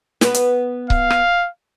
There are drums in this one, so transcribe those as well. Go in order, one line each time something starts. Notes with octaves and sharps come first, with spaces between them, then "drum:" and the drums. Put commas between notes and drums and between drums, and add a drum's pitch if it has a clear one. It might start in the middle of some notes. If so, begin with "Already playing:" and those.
B3 B4, drum: snare
drum: hi-hat
F5, drum: kick C#1
drum: rim click